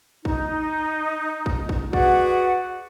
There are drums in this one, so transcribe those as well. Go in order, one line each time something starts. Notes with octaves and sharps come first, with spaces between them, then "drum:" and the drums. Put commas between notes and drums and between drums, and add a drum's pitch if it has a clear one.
D#4, drum: kick
drum: kick
drum: kick
F#4 G#4 B4 D5 F#5, drum: kick